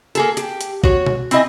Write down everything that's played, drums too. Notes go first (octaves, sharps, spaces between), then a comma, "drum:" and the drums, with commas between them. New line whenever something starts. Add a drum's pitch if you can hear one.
A#3 G#4 A4, drum: hi-hat
G4, drum: hi-hat
drum: hi-hat
F#4 C#5, drum: kick
drum: tom B2
C4 E4 D#5 G#5, drum: hi-hat